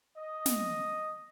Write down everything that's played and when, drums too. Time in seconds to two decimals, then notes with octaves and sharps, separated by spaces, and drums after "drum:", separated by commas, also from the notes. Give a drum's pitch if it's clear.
0.16 D#5
0.46 drum: snare